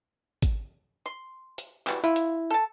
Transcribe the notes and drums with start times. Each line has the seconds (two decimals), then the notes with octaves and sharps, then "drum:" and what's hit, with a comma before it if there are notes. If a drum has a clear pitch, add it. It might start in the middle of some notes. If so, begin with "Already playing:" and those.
0.42 drum: kick G#1, hi-hat
1.06 C6
1.58 drum: hi-hat
1.87 E3 G3 F#4, drum: clap
2.04 E4 F4
2.16 drum: hi-hat
2.50 A4 A5